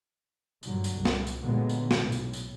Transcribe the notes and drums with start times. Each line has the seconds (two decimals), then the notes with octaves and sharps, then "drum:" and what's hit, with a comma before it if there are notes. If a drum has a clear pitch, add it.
0.63 G2 A#2 D3 F#3, drum: tambourine
0.84 drum: tambourine
0.96 C2
1.05 drum: snare
1.27 drum: tambourine
1.42 A#2 D3 F#3 G#3 A#3 B3
1.69 drum: tambourine
1.91 drum: snare
2.01 B1 A2
2.12 drum: tambourine
2.33 drum: tambourine